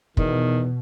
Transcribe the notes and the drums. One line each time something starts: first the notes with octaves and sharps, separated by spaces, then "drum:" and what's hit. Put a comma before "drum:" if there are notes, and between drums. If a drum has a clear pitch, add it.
E2 B2 D#3, drum: kick